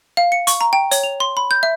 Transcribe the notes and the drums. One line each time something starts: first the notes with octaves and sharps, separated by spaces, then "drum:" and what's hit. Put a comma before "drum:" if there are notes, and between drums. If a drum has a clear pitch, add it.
F5
C#7
C#6, drum: hi-hat
A#5
G5
C#5, drum: hi-hat
F7
C6
B5
G6
E5